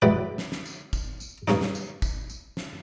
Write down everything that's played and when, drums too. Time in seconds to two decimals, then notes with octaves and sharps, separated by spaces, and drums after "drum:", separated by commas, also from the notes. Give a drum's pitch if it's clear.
0.02 F#3 G#3 E4 G4 B4 D5
0.38 drum: snare
0.52 drum: snare
0.66 drum: tambourine
0.93 drum: kick, tambourine
1.20 drum: tambourine
1.48 G2 G3 C#4 D#4, drum: snare
1.61 drum: snare
1.75 drum: tambourine
2.02 drum: kick, tambourine
2.30 drum: tambourine
2.57 drum: snare